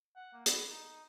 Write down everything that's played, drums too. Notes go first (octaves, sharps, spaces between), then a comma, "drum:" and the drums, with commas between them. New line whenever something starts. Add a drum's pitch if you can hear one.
F#5
A#3
B3, drum: hi-hat
D#4